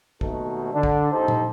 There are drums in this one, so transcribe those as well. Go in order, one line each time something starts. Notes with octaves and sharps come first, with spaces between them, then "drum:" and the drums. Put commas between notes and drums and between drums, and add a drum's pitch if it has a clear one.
D#2 B2 A3 D#4 F#4 A4, drum: kick
D3 D4
drum: kick
A#1 D#4 G4 A4 C5
drum: tom A#2